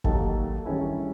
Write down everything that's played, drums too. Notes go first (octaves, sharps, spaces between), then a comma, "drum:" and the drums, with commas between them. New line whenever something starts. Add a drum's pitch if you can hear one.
D#2 D#3 F#3 A#3 D#4 A4 A5, drum: kick G1
G2 D#3 G#3 C#4 E4